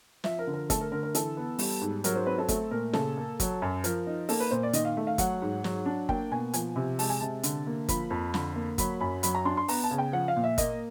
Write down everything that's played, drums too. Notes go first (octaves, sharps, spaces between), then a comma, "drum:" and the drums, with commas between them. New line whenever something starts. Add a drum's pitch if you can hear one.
F3 E5, drum: snare
A#4
D3
A#4
A3 A4, drum: kick G1, hi-hat
A#4
D3 A#4
A#4
E3 A4, drum: hi-hat
B3
G3, drum: open hi-hat
G#2
F#3 A#4, drum: hi-hat
C5
C4 B4
A4
A3 A4, drum: kick G1, hi-hat
A#2 A#4
C#3 A4, drum: snare
A#3
F#3, drum: kick G1, hi-hat
F#2
F3 A#4, drum: hi-hat
D#4
A#3 A4, drum: open hi-hat
B4
A#2 C5
D5
D#3 D#5, drum: hi-hat
F5
A3
F5
F#3 F#5, drum: kick G1, hi-hat
G#2
F#3, drum: snare
D4
A#3 G5, drum: kick G1
B2 G#5
F3 G#5, drum: hi-hat
C3
G#3 A5, drum: open hi-hat
G#5
C3 A5
D3, drum: hi-hat
A#3
F3 B5, drum: kick G1, hi-hat
F2
D3, drum: snare
A#3
F#3 B5, drum: kick G1, hi-hat
F#2 B5
F#3 B5, drum: hi-hat
A#5
D4 C6
C6
B3 A#5, drum: open hi-hat
A5
C#3
G5
F3 F#5
F5
A#2
E5
A#3 D#5, drum: kick G1, hi-hat